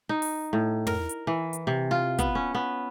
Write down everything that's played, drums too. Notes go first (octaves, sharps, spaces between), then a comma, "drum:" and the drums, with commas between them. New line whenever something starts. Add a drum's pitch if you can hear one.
D#4
drum: open hi-hat
A2
A#4, drum: tom
drum: hi-hat
E3
drum: hi-hat
C3
F4
B3, drum: kick, hi-hat
C#4
B3